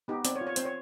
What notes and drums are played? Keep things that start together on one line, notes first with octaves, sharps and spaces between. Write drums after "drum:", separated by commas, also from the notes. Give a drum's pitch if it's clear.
B3 D#4 G4
C4 D5, drum: hi-hat
C#5
F4
C#5
C4 C5, drum: hi-hat
C#5